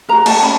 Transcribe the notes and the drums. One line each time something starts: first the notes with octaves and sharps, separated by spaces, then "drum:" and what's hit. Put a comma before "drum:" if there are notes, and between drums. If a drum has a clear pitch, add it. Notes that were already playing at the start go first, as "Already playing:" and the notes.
F#4 A#4 A#5
A5, drum: cymbal
C#4 B5